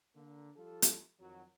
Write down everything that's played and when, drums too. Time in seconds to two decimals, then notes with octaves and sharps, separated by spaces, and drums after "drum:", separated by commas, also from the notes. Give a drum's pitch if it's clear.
0.15 D3 A#3
0.57 F3 G3 F4 A4
0.82 drum: hi-hat
1.20 F2 D#3 F#3